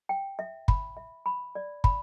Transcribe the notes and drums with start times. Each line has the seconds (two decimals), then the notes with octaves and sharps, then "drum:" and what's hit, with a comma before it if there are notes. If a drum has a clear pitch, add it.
0.09 G5
0.39 E5
0.68 B5, drum: kick
0.97 E5
1.26 B5
1.55 D5
1.84 B5, drum: kick